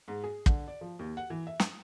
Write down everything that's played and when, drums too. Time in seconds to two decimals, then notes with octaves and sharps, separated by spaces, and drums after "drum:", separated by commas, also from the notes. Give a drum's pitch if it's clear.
0.08 G#2
0.24 G#4
0.46 D3, drum: kick
0.68 D5
0.81 F3
0.99 D#2
1.17 F#5
1.30 E3
1.47 E5
1.60 D#6, drum: snare